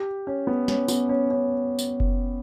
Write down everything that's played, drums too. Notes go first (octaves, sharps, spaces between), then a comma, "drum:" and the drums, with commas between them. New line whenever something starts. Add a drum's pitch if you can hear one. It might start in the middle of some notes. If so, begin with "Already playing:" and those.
Already playing: G4
C#4
B3
C#4, drum: snare
B3, drum: tambourine
C#4
C#4
drum: tambourine
drum: kick F#1